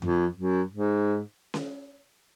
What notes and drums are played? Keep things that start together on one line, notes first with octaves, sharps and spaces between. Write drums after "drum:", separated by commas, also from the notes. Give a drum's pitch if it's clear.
F2, drum: tom F2
F#2
G#2
drum: snare C#4